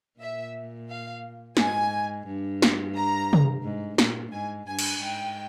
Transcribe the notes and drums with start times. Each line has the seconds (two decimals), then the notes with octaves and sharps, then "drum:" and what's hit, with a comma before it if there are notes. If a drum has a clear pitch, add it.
0.20 A#2 E5
0.89 F5
1.57 G#2 G#5, drum: snare
2.26 G2
2.62 drum: snare
2.95 A#5
3.33 drum: tom
3.63 G#2
3.98 A#2, drum: snare
4.32 G#2 G#5
4.67 G2 G#5
4.79 drum: cymbal
5.01 G#2 G5